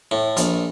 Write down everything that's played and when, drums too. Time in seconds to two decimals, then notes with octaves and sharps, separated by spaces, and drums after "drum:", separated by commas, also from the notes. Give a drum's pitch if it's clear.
0.11 A2
0.37 A#1, drum: hi-hat